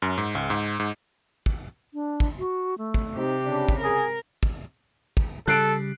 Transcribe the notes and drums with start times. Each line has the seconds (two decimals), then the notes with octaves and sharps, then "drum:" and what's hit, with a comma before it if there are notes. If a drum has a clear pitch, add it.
0.02 F#2
0.18 G#2
0.35 C#2
0.50 G#2
0.80 G#2
1.46 drum: kick
1.94 D4
2.20 drum: kick
2.39 F#4
2.78 A3
2.94 drum: kick
3.15 C3 C4 D#4 G4
3.45 C#3 D4
3.69 drum: kick
3.81 G#4 A#4
4.43 drum: kick
5.17 drum: kick
5.47 C#3 G3 A4 F#6 C7 D7